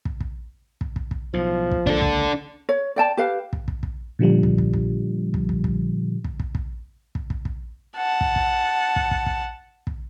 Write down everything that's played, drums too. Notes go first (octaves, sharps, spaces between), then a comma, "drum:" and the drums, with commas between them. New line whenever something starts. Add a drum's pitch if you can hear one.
drum: kick
drum: kick
drum: kick
drum: kick
drum: kick
B1 A2 F3
drum: kick
C#2 G3 A#3 D4 A4, drum: kick
drum: kick
C#5
D5 G5 A5
G4 B4 F5
drum: kick
drum: kick
drum: kick
A#2 D3 F3 G3
drum: kick
drum: kick
drum: kick
drum: kick
drum: kick
drum: kick
drum: kick
drum: kick
drum: kick
drum: kick
drum: kick
drum: kick
F#5 A5
drum: kick
drum: kick
drum: kick
drum: kick
drum: kick
drum: kick